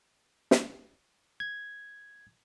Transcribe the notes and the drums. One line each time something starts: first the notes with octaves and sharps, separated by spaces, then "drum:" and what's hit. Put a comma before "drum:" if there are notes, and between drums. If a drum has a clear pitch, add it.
drum: snare
G#6